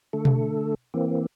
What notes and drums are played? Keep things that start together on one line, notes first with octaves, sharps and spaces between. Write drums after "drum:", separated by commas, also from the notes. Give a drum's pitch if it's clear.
D3 A3 A4
drum: tom B2
E3 A#3 C4